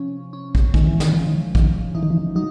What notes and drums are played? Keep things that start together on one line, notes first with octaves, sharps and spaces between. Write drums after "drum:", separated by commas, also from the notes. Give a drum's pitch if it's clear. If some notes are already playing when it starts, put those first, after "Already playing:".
Already playing: C3 F3 C#4
C#4
drum: kick
D#3 G#3, drum: kick
E3
D#3, drum: snare
E3 F3
D#3
D#3 F3, drum: kick
E3 D#4
D#3
E3
F#3 D#4